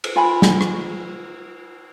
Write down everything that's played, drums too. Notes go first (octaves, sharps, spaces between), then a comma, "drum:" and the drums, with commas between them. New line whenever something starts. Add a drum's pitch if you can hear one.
drum: cymbal
F4 G#5 B5
drum: snare
drum: rim click